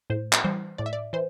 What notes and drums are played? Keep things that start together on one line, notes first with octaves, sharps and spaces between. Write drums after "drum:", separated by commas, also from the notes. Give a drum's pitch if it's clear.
A2 C5
drum: clap
E3 G3 C5
A2 D5
E5
D5
E3 C5